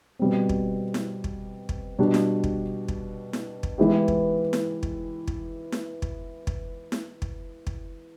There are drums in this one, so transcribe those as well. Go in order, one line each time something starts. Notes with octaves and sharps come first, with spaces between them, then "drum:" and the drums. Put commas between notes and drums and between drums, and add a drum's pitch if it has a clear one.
B2 G3 C4
drum: kick
drum: snare E4
drum: kick
drum: kick
B2 G3 B3 D4 G4
drum: snare E4
drum: kick
drum: kick
drum: snare E4
drum: kick
E3 G#3 B3 E4 G4
drum: kick
drum: snare E4
drum: kick
drum: kick
drum: snare E4
drum: kick
drum: kick
drum: snare E4
drum: kick
drum: kick